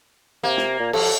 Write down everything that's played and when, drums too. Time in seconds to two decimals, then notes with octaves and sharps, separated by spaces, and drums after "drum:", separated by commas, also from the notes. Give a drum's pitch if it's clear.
0.43 C3 A#3
0.57 drum: snare
0.79 A#2
0.93 F2 A4, drum: cymbal